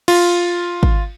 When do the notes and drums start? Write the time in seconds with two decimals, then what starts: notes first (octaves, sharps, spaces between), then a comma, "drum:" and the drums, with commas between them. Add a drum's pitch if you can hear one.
0.08 F4, drum: cymbal
0.83 drum: kick G#1